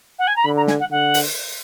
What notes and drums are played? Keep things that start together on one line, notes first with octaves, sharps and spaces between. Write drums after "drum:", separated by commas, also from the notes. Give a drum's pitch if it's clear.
F#5
G#5
A#5
D3 B5
A#5
G#5, drum: snare
F#5
D3 F#5
drum: open hi-hat